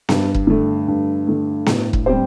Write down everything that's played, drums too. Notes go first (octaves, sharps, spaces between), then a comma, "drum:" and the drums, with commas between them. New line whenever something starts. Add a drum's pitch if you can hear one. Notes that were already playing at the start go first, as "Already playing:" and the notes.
G2, drum: snare B3
drum: kick
D3 A3
G2
D3 A3
A2, drum: snare B3
drum: kick
G3 C4 G4 C5